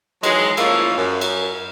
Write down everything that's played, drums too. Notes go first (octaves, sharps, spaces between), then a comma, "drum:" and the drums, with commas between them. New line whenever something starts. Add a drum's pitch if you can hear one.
D#3 E3 F#3 G#3, drum: cymbal
A2 F3 A#3 C#4 E4 F4, drum: cymbal
F#2
drum: cymbal